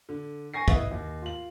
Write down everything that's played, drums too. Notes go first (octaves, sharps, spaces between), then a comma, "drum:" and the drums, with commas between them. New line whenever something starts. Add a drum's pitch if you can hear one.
D3
G#5 C#6 A#6 C7
E4 B4 D#5, drum: kick
D#2
F4 F#7